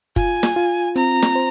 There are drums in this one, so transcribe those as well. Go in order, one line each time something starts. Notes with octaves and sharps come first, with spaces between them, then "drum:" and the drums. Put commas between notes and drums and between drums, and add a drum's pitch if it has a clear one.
F4 G#5, drum: kick, hi-hat
drum: snare
F4
C4 A#5, drum: hi-hat
drum: snare
C5